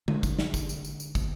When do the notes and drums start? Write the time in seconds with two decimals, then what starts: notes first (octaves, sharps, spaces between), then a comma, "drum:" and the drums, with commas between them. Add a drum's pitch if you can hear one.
0.08 D3, drum: tom G#3
0.23 drum: kick, tambourine
0.39 drum: snare
0.54 drum: kick, tambourine
0.69 drum: tambourine
0.85 drum: tambourine
1.00 drum: tambourine
1.15 drum: kick, tambourine